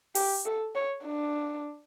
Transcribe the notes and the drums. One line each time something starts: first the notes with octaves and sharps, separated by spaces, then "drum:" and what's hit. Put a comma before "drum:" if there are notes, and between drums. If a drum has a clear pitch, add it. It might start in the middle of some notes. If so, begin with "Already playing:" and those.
G4, drum: open hi-hat
A4
C#5
D4